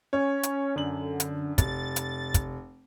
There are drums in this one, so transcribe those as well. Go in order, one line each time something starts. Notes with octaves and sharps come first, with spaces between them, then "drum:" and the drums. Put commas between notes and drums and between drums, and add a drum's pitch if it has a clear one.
C#4 C#5
drum: hi-hat
F#2 D3 F#7
drum: hi-hat
F1 A6, drum: kick, hi-hat
drum: hi-hat
drum: kick, hi-hat